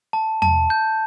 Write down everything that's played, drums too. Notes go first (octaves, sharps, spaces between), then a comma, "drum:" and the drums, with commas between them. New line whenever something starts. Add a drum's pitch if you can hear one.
A5
A5, drum: tom E2
G6